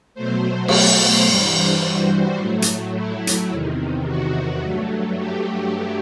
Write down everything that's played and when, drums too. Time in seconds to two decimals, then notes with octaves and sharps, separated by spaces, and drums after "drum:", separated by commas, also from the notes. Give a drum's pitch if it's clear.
0.15 B2 F#3 A3 C5
0.68 drum: cymbal
1.26 G2 E3 G3 C5
1.54 C5
1.83 F#4
2.38 A2 F#3 A3
2.62 drum: hi-hat
2.95 E4
3.27 drum: hi-hat
3.50 E2 C3 D#3
4.07 F#4
4.63 G2 F#3 A3
5.18 G4